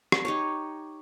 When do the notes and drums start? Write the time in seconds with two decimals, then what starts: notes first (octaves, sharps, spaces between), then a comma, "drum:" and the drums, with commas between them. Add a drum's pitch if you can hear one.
0.12 drum: rim click
0.25 D#4 G4 C#5